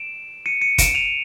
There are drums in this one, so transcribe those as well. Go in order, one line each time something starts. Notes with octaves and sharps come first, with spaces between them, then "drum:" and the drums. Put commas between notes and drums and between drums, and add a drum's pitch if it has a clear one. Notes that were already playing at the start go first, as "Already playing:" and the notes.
Already playing: D7 E7
C#7 D#7
C#7 D#7
D7 E7, drum: kick, hi-hat
D#7 F7